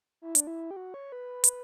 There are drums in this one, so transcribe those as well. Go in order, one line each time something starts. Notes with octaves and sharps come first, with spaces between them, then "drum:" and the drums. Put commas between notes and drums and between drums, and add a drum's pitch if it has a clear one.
E4
D4, drum: hi-hat
E4
G4
F#4
C#5
B4
drum: hi-hat